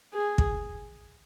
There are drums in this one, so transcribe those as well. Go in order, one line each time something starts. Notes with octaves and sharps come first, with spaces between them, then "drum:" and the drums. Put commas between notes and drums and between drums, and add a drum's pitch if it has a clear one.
G#4
drum: kick